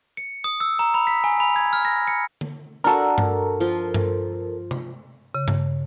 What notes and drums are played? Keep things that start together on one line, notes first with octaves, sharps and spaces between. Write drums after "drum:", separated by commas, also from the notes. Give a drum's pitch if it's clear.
C#7
D#6
E6
A#5
B5
B6
G#5
B5
G#6
F6
A#6
C#7
drum: tom D3
D4 F#4 A4 A#4
drum: tom G2
F3 F4
drum: tom G2
drum: tom C3
C#3
drum: tom G2